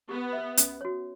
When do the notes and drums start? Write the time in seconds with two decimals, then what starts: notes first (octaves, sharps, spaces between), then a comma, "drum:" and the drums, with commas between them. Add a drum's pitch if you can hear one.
0.09 B3 G4
0.33 E5
0.38 B4
0.57 C#4, drum: hi-hat
0.81 F#4 C#5